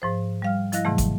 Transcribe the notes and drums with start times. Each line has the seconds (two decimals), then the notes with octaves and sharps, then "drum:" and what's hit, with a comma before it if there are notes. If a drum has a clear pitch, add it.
0.02 G#2 F3 C5
0.42 G3 F5 F6
0.72 F3 E4 D#5 F5 F#6 A#6, drum: hi-hat
0.85 G#2 C3 D#3 E3 F#3 A3
0.98 drum: kick, hi-hat